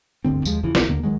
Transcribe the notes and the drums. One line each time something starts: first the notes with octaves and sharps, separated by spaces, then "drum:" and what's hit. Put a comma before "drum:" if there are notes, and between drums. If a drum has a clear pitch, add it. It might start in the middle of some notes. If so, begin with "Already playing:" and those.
G1 D2 D3 C4
D#2 F3 G#3, drum: tambourine
E2 C#3 E3 F3
A#1, drum: snare
D#2 D3 A#3
C#2 D#3 F#3 G#3